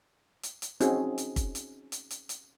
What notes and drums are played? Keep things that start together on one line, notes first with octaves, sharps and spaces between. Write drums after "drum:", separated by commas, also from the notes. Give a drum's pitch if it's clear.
drum: hi-hat
drum: hi-hat
C4 C#4 D#4 F#4 G#4, drum: hi-hat
drum: hi-hat
drum: kick, hi-hat
drum: hi-hat
drum: hi-hat
drum: hi-hat
drum: hi-hat